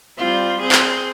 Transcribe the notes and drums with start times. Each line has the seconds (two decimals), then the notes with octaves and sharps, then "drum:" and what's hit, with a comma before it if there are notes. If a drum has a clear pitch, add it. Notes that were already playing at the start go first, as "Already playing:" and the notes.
0.17 G3 C4 F4
0.61 C4 G#4
0.72 drum: clap